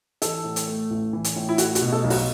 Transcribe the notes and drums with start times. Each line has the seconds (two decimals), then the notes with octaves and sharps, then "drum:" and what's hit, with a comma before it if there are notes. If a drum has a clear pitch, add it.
0.22 E3 A4, drum: hi-hat
0.44 A2
0.56 drum: hi-hat
0.67 A3
0.90 A1
1.13 E3
1.24 drum: hi-hat
1.36 A2
1.49 E4
1.58 A3 F#4, drum: hi-hat
1.75 F#4, drum: hi-hat
1.81 B2
1.93 A4
2.04 B1
2.10 F#4, drum: open hi-hat